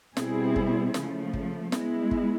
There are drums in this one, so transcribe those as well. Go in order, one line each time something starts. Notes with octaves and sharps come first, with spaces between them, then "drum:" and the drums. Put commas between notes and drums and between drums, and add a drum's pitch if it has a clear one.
B2 G3 C4 E4 G#4, drum: snare
drum: kick
C#3 F3 A3, drum: snare
drum: kick
G#3 B3 E4, drum: snare
drum: kick